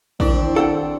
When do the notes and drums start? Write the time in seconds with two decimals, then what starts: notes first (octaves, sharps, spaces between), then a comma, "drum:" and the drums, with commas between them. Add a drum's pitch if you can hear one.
0.20 D#3 C4 D4 E4, drum: kick
0.56 A4 F#5 G5